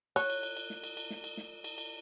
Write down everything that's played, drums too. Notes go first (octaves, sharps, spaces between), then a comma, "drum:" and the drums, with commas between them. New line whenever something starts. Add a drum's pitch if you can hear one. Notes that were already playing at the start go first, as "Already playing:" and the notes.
C#5 F#6, drum: cymbal
drum: cymbal
drum: cymbal
drum: cymbal
drum: snare
drum: cymbal
drum: cymbal
drum: snare
drum: cymbal
drum: snare
drum: cymbal
drum: cymbal